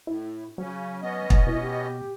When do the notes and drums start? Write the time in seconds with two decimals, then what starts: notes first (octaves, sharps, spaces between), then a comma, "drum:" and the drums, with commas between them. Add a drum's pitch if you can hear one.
0.07 A2 E4
0.58 C#3 F#3 C#4
1.02 B3 C#4 D#5
1.30 drum: kick
1.46 B2 E4
1.62 G4